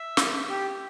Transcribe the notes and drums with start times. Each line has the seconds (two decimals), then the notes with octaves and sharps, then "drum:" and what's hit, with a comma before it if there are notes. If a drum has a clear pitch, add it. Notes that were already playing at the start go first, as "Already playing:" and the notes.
Already playing: E5
0.17 drum: snare
0.49 G4